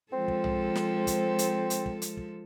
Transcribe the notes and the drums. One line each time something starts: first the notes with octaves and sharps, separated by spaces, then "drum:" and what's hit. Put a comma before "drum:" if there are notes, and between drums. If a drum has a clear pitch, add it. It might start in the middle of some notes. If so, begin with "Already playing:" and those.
F3 G#3 C4 A4
drum: kick
drum: tom
drum: snare
drum: kick, hi-hat
drum: hi-hat
drum: hi-hat
drum: kick
drum: hi-hat
drum: kick